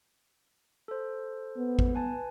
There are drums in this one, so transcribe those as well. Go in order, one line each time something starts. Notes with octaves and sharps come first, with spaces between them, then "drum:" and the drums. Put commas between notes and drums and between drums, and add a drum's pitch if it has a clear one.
A4 C5
B3
drum: kick G#1
B4 G#5 A5